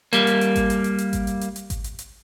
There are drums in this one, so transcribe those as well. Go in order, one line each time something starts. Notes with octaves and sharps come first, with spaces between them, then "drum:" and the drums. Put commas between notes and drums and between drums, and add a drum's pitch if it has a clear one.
G3 A#3, drum: hi-hat
drum: hi-hat
drum: hi-hat
drum: kick G#1, hi-hat
drum: hi-hat
drum: hi-hat
drum: hi-hat
drum: kick G#1, hi-hat
drum: hi-hat
drum: hi-hat
drum: hi-hat
drum: kick G#1, hi-hat
drum: hi-hat
drum: hi-hat